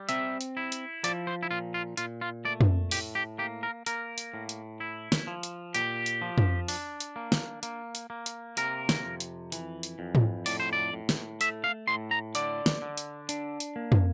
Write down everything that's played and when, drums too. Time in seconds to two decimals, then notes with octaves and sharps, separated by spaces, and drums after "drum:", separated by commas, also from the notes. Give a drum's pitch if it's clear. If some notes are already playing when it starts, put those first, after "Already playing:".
Already playing: G3
0.09 C4 E5, drum: hi-hat
0.41 drum: hi-hat
0.57 E4
0.72 drum: hi-hat
1.04 F3 D5, drum: hi-hat
1.27 C5
1.43 E4
1.51 A#2 F4
1.74 F4
1.97 A#2 F4, drum: hi-hat
2.21 F4
2.45 A3 D5
2.61 drum: tom
2.91 A2 G4, drum: open hi-hat
3.15 G4
3.38 A#3 G4
3.63 A#4
3.86 A#3 A#4, drum: hi-hat
4.18 drum: hi-hat
4.34 A2
4.49 drum: hi-hat
4.80 E4
5.12 drum: snare
5.27 F3
5.43 drum: hi-hat
5.75 A#2 G4, drum: hi-hat
6.06 drum: hi-hat
6.22 F3
6.38 drum: tom
6.68 D4, drum: open hi-hat
7.00 drum: hi-hat
7.16 A#3
7.32 drum: snare
7.63 A#3, drum: hi-hat
7.95 drum: hi-hat
8.10 A#3
8.26 drum: hi-hat
8.57 C3 A#4, drum: hi-hat
8.89 drum: snare
9.05 F2
9.20 drum: hi-hat
9.52 E3, drum: hi-hat
9.83 drum: hi-hat
9.99 F2
10.15 drum: tom G#2
10.46 A2 D5, drum: open hi-hat
10.60 C5
10.73 D5
10.94 A2
11.09 drum: snare
11.41 A3 E5, drum: hi-hat
11.64 F5
11.88 A2 C6
12.11 A#5
12.35 D3 D5, drum: hi-hat
12.66 drum: snare
12.82 D3
12.97 drum: hi-hat
13.29 D4, drum: hi-hat
13.60 drum: hi-hat
13.76 A#3
13.92 drum: tom